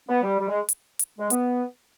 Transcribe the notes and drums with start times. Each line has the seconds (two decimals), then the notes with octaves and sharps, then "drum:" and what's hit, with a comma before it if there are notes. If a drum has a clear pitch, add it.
0.08 B3
0.22 G3
0.38 G3
0.48 G#3
0.69 drum: hi-hat
0.99 drum: hi-hat
1.18 G#3
1.30 B3, drum: hi-hat